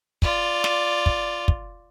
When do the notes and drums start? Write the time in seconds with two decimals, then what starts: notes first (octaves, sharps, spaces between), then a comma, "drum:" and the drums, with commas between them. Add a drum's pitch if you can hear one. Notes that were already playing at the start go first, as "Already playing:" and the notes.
0.22 F4 D5, drum: kick
0.64 drum: snare
1.06 drum: kick
1.48 drum: kick